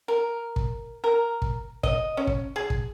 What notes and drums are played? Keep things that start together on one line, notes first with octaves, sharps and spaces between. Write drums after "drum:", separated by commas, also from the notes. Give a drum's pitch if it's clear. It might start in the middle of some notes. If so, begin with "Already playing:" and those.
A#4
drum: kick
A#4
drum: kick
D#5, drum: kick
C#4
drum: kick
G#4
drum: kick